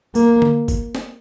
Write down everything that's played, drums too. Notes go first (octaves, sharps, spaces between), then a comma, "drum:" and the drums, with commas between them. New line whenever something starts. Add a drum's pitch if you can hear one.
A#3, drum: tambourine
drum: tom D3
drum: kick G1, tambourine
drum: snare